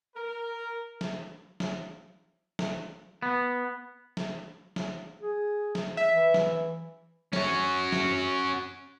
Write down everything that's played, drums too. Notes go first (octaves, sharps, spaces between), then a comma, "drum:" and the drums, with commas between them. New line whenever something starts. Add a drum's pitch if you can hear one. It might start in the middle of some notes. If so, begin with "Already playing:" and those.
A#4
drum: snare
drum: snare
drum: snare
B3
drum: snare
drum: snare
G#4
drum: snare
E5
E3
drum: snare
C#4 F#4, drum: snare
drum: snare